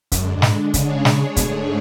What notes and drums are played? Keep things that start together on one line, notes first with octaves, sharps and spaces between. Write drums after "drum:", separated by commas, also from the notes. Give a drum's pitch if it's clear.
F#2 D3 G#3 D4, drum: kick, hi-hat
F#2
G#2, drum: snare
C#3 G#3 D4 G#4 C#5, drum: kick, hi-hat
D3
C#3
drum: snare
B2 D3 A3 D4 G#4 C#5, drum: kick, hi-hat
G#2